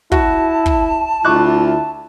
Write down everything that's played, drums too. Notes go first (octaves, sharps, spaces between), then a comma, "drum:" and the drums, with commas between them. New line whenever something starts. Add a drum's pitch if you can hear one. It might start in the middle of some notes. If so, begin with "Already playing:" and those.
E4 F#4 A5, drum: kick
drum: kick
D2 E4 F4 C#6 D6 F#6